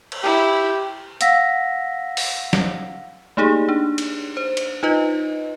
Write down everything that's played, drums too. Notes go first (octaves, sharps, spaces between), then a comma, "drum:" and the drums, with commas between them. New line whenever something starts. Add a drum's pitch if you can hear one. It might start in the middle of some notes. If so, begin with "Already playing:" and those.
drum: cymbal
E4 G4
F5 F#5 E6 A#6 B6, drum: hi-hat
drum: open hi-hat
drum: snare
A3 A#3 D#4 G4 G#4
D4
drum: cymbal
C5
drum: cymbal
D#4 F4 B4 D#5